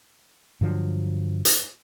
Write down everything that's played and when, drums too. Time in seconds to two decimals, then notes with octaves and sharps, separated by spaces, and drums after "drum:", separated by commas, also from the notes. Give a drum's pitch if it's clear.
0.61 G2 D3 F3 F#3
1.45 drum: hi-hat